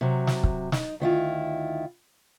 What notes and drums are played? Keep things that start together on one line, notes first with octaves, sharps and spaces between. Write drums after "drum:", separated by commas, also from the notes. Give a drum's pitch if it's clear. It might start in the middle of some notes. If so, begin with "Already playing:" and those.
C3 F#3
drum: snare
drum: kick
D#4, drum: snare
D2 D#3 E4 F4